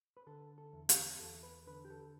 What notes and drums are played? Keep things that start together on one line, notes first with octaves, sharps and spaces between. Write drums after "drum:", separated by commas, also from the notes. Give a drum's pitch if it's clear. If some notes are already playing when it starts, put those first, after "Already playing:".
B4
D3 A4
A4
E2
G4, drum: hi-hat
E2 A4
B4
D3 B4
G4
A4